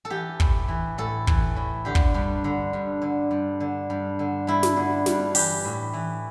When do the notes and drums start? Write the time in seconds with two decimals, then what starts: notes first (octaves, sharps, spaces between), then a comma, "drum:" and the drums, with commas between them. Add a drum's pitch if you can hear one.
0.05 A4
0.10 E3 G4
0.40 A2, drum: kick
0.68 E3
0.98 A2 A4
1.27 E3, drum: kick
1.56 A2
1.85 D3 G4
1.95 drum: kick
2.14 G2
2.44 D3
2.73 G2
3.02 D3
3.31 G2
3.60 D3
3.90 G2
4.19 D3
4.47 G2 E4
4.63 drum: snare
4.77 D3
5.06 G2, drum: snare
5.35 E3 G4, drum: open hi-hat
5.64 A2
5.93 E3